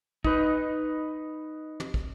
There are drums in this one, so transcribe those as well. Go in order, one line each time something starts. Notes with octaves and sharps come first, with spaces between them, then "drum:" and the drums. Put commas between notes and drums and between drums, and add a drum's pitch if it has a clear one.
D#4 B4, drum: kick
drum: tom
drum: kick